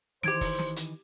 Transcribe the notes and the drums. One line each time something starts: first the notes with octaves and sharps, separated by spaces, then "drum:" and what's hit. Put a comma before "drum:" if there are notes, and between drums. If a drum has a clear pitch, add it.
D#3 E3 G4 C5 G#6 D7, drum: snare
drum: kick F#1, open hi-hat
drum: snare
drum: hi-hat